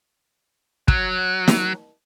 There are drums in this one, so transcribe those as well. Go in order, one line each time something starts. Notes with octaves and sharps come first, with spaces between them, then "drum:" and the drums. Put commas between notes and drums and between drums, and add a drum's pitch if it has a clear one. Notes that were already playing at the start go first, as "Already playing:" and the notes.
F#3, drum: kick
drum: snare